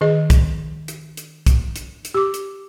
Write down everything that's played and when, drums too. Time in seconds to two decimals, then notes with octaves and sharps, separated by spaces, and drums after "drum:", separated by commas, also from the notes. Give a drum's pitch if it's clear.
0.01 D#3 G#4 D#5
0.30 drum: kick, hi-hat
0.88 drum: hi-hat
1.17 drum: hi-hat
1.47 drum: kick, hi-hat
1.76 drum: hi-hat
2.05 drum: hi-hat
2.15 G4 D6
2.34 drum: hi-hat